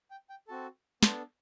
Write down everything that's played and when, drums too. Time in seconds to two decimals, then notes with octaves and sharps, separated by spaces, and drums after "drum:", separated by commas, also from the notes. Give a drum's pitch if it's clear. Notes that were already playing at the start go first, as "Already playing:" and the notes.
0.11 G5
0.30 G5
0.48 C4 F#4 A4 A5
1.03 B3 D4 A4 C6, drum: snare